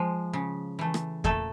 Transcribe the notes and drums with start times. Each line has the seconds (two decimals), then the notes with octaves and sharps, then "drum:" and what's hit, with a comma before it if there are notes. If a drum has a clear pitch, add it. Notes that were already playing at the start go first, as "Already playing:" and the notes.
Already playing: F3 G#3
0.33 C#3
0.79 E3 A3
0.94 drum: rim click
1.24 A#2 A3 A4, drum: kick E2